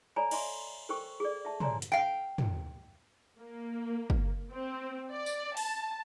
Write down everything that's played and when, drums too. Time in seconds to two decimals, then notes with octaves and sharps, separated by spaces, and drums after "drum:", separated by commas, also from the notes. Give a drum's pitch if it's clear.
0.16 A4 C#5 D5 G#5 A#5 B5
0.31 D#5 E5 G#5 B5 C6, drum: cymbal
0.89 A4 A#4 C5 G5 C#6
1.20 G#4 A4 D5
1.45 E5 A5
1.60 C#5 D5 G#5 A#5 C6, drum: tom
1.82 drum: hi-hat
1.92 F5 G5
2.38 drum: tom
3.39 A#3
4.10 drum: kick
4.52 C4
5.11 D5
5.26 drum: tambourine
5.57 A5, drum: open hi-hat